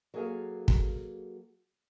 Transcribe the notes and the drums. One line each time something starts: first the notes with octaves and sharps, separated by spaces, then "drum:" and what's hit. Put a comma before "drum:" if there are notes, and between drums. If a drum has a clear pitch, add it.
F#3 A#3 G#4 A4 F5
drum: kick